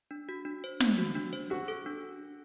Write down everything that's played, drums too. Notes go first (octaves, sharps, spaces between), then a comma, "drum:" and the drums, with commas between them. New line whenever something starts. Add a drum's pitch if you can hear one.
D4
F#4
D4
C5
D4, drum: snare
F#4
D4
C5
D4 F#4
A4
D4